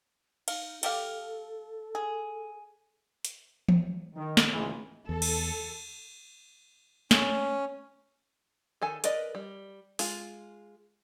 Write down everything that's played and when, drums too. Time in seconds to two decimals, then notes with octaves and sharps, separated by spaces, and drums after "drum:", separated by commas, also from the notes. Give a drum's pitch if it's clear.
0.48 D#4 F5, drum: cymbal
0.83 G3 G4 A4 F5, drum: cymbal
1.95 G#4
3.25 drum: hi-hat
3.69 drum: tom E3
4.15 D#3
4.37 drum: snare
4.53 G#1 C#2 G#2 E3 G#3
5.09 E2 A4
5.22 drum: cymbal
7.11 C#4, drum: snare
8.82 D#3 A4 G#5
9.04 A#4 B4 D5 D#5, drum: hi-hat
9.35 G3
9.99 G#3 F4, drum: open hi-hat